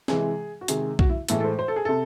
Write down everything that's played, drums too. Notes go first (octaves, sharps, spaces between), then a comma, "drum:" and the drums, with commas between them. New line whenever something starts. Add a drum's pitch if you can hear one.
C3 E3 G#3 G#4, drum: snare
F#4
C3 D#3 G#3 G#4, drum: hi-hat
F#4, drum: kick B1
E4
A2 E3 G#3 A4, drum: hi-hat
A4
C5
C5
A4
G#4
C3 A4